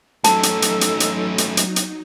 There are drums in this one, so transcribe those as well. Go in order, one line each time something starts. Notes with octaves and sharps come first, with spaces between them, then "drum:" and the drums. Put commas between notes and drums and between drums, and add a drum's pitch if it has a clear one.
F#3 A3 C#4 D#4 A4 A5, drum: hi-hat
drum: hi-hat
drum: hi-hat
drum: hi-hat
drum: hi-hat
drum: hi-hat
drum: hi-hat
drum: hi-hat